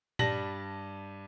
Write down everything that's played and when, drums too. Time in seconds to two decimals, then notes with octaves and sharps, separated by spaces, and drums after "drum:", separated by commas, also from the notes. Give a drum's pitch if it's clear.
0.19 G2 G3 A5 A#6 F#7, drum: tom A#2